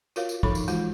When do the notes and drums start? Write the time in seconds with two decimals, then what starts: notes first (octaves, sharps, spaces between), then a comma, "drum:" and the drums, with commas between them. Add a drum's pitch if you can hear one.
0.16 F4 F#4 A#4 C#5 F5, drum: tambourine
0.29 drum: tambourine
0.43 F3 D#4 A4 C#5 B5, drum: kick
0.55 drum: tambourine
0.68 E3 G#3 F4 F#4, drum: tambourine